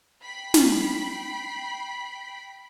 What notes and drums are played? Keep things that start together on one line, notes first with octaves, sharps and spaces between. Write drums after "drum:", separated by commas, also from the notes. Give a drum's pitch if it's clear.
G5 B5 B6 C7
drum: snare